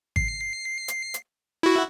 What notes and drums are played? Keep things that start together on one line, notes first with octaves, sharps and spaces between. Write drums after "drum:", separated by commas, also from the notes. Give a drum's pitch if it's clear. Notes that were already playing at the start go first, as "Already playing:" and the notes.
C7, drum: kick G#1
drum: hi-hat
drum: hi-hat
E4 F#4